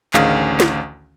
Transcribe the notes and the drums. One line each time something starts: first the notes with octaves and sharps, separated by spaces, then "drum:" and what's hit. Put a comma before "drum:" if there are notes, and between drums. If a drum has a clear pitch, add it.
A1 D2 D#3 C#4 G#4 F5, drum: clap
drum: snare